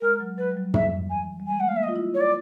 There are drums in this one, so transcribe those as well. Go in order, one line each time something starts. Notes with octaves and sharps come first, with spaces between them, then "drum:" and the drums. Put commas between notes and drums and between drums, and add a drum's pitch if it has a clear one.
G#3 A#4
F#3
F#3 B4
G3
F#3
F3 E5, drum: tom
E3 G#5
G3
G#3 G#5
A3 F#5
F5
A#3 E5
D#5
F4
E4
C#5
D5